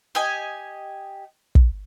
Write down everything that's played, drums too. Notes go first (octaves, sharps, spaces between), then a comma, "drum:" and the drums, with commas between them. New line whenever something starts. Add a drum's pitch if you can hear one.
G4 D#5 G#5
drum: kick